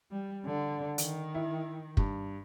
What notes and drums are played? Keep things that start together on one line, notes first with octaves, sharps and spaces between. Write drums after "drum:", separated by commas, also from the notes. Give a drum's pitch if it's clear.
G3
D3
D#3, drum: hi-hat
E4
G2, drum: kick